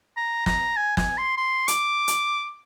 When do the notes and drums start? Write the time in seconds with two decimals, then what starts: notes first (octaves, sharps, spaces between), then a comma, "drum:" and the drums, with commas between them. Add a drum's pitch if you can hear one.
0.17 A#5
0.46 A#5, drum: snare
0.77 G#5
0.97 G#5, drum: snare
1.18 C6
1.37 C6
1.68 D6, drum: hi-hat
2.08 drum: hi-hat